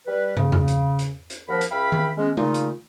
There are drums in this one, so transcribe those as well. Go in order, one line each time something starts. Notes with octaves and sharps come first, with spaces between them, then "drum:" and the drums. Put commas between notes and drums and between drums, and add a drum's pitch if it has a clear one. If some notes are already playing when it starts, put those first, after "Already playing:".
G3 B4
C#3, drum: tom
drum: tom E2
drum: hi-hat
drum: hi-hat
drum: hi-hat
D#2 F3 A#4 F#5 B5
drum: hi-hat
C#2 E5 F5 G5 B5
drum: tom D#3
G#3 B3 C#4
A#2 C#3 A3 D#4 F4, drum: tom G#3
drum: hi-hat